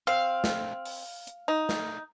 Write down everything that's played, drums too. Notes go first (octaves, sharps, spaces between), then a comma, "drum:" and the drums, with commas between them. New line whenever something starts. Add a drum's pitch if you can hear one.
C4 F5
drum: snare
drum: open hi-hat
drum: hi-hat
D#4
drum: snare